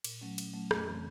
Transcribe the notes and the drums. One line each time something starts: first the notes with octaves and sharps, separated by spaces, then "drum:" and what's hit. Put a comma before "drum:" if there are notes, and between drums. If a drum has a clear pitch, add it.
A#2, drum: cymbal
F#3 A3 C#4
A#2, drum: cymbal
F#3 A3 C#4
F2, drum: rim click
C#3 E3 A3 C4